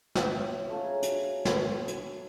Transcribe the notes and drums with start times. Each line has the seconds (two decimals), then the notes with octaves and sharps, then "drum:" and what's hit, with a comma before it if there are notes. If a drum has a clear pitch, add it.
0.15 C#4 E5, drum: snare
0.69 A3 C#4 F4 A4
0.83 G#4 B4 A#5
1.02 F#4, drum: hi-hat
1.45 A4, drum: snare
1.88 drum: hi-hat